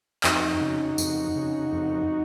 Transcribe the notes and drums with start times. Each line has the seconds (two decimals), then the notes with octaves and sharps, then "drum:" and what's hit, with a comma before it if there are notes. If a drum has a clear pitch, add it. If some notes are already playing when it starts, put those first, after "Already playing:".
0.24 F2 D#4 F#4, drum: clap
0.61 C#3
0.98 F2, drum: tambourine
1.36 C#3
1.73 F2